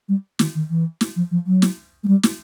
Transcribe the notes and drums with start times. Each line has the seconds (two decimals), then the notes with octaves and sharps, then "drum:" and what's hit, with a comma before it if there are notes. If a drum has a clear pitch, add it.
0.09 G3
0.39 D#3, drum: snare
0.55 D#3
0.70 E3
1.01 drum: snare
1.16 F3
1.31 F3
1.47 F#3
1.62 drum: snare
2.04 G#3
2.08 G3
2.23 drum: snare